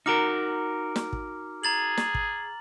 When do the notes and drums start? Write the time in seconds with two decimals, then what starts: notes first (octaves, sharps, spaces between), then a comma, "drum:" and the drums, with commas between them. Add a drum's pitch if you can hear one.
0.06 D#4 F#4 A#4 A#5 D6 F6
0.96 drum: snare
1.13 drum: kick
1.64 G#4 A#5 A6 F#7
1.97 drum: snare
2.14 drum: kick